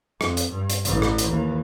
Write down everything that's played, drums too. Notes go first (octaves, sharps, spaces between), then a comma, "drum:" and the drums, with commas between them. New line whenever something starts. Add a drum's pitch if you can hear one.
F2, drum: rim click
drum: hi-hat
G2
drum: hi-hat
A1 E3, drum: hi-hat
drum: rim click
drum: hi-hat
D#2 E3